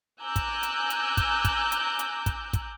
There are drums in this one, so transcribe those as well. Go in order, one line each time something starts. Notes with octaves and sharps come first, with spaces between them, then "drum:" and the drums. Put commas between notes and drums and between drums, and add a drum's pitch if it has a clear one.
G#5 A#5 D6 E6 F#6 G6
drum: kick, hi-hat
drum: hi-hat
drum: hi-hat
drum: kick, hi-hat
drum: kick, hi-hat
drum: hi-hat
drum: hi-hat
drum: kick, hi-hat
drum: kick, hi-hat